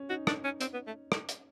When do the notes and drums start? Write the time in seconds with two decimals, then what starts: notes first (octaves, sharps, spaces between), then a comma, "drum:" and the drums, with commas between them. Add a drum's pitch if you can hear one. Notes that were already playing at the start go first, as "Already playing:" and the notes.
Already playing: C#4
0.10 D#4 F#4
0.27 D4, drum: rim click
0.44 C#4
0.61 C4, drum: hi-hat
0.73 B3
0.87 A3
1.12 drum: rim click
1.29 drum: hi-hat